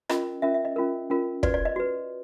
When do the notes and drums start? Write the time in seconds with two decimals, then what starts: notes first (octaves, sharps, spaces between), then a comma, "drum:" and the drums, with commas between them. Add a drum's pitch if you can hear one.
0.09 C#4 F4 A#4 D#5, drum: rim click
0.42 C#4 F4 A#4 E5
0.54 E5
0.65 D#5
0.76 C#4 F4 A#4
1.10 C#4 F4 A#4
1.43 F#4 B4 D5, drum: kick
1.54 D5
1.65 D#5
1.76 F#4 B4